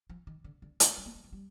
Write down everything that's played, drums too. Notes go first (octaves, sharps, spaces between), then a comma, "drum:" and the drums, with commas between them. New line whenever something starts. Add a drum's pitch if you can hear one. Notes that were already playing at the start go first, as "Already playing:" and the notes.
F3
D#3
D3
D3
D#3, drum: hi-hat
G3
A#3
G#3
F3
G3